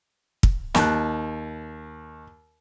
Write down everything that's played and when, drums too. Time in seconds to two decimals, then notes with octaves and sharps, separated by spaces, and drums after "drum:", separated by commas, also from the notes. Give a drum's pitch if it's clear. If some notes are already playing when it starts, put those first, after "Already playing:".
0.43 drum: kick
0.75 D#2 A5 F#6, drum: snare